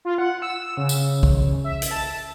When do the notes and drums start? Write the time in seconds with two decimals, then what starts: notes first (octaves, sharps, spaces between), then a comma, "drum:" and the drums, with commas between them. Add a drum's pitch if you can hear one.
0.05 F4
0.18 F#5
0.42 E6
0.77 C#3
0.89 drum: tambourine
1.23 drum: kick
1.64 E5
1.82 drum: hi-hat
1.91 A5